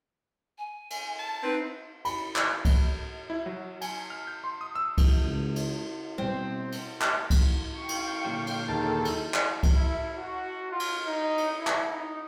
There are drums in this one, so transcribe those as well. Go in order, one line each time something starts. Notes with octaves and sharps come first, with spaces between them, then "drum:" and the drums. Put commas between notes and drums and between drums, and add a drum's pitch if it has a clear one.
G#5
drum: cymbal
A5
C4 D#4 B4
B5, drum: cymbal
drum: clap
drum: kick C2, cymbal
E4
F#3
G#5, drum: cymbal
F6
G6
C6
D#6
E6
drum: kick C2, cymbal
C#2
drum: cymbal
B2 G3 C4 C5
drum: cymbal
drum: clap
drum: kick C2, cymbal
F5 G5 C#6
drum: cymbal
A#2 D3 F#3 F5 G5
drum: cymbal
D#2 D#4 G#4 A4 A5
drum: cymbal
drum: clap
drum: kick C2, cymbal
E4
F#4
F4
drum: cymbal
D#4
drum: cymbal
E4
drum: clap
D#4